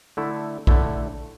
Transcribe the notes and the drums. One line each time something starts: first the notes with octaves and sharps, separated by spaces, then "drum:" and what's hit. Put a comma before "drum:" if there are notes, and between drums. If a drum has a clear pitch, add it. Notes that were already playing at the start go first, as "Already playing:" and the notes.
D3 A3 E4
D3 A3 E4, drum: kick A#1